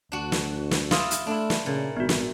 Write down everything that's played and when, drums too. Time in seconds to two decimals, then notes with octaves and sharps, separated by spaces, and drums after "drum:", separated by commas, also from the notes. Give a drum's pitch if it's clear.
0.12 D2 D4 F#4
0.32 drum: snare
0.71 drum: snare
0.91 E4 F4 F5 C6 D#6, drum: snare
1.11 drum: hi-hat
1.27 A3 D4 E4
1.50 drum: snare
1.66 A#2 C#3
1.97 G#1 B3 F#4
2.09 drum: snare